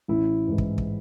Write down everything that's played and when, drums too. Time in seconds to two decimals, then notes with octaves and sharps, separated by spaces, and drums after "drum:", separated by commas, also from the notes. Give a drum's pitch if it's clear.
0.08 A1 E4
0.48 G#2 E3
0.58 drum: kick
0.78 drum: kick